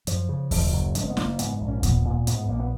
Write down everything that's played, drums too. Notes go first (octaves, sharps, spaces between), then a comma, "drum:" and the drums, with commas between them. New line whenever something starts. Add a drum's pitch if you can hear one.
F#2 F3, drum: hi-hat
C#3
F#1 F3, drum: kick D#2, open hi-hat
F#1 F#3
F#1 G#3, drum: hi-hat
C#4
B3
F#1 A#3, drum: snare
G#2 B3, drum: hi-hat
A#1
C#4
A#2 B3, drum: kick D#2, hi-hat
A#2
G#2 B3, drum: hi-hat
B3
A#1 A#3
B3